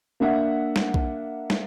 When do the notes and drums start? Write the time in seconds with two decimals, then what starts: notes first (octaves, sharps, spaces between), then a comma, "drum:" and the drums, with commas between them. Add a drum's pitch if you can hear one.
0.20 A#3 D4 E5 F#5
0.76 drum: snare
0.94 drum: kick B1
1.50 drum: snare